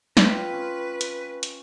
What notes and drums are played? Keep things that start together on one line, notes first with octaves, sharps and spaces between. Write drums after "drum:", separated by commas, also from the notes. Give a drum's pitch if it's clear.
C4 F4 B4, drum: snare
C#4
drum: hi-hat
drum: hi-hat